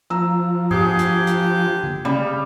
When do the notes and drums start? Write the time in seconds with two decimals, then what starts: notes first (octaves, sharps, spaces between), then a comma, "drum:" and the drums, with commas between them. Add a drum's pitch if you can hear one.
0.10 F3 A#5 E6
0.71 D3 G4 G#4, drum: tom G#2
0.99 drum: hi-hat
1.27 drum: hi-hat
1.83 drum: tom D3
2.05 C#3 G3